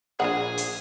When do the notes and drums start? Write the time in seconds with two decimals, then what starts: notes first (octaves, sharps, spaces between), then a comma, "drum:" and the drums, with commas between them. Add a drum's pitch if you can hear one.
0.20 A#1 D4 G#4 A#4 F#5
0.57 drum: hi-hat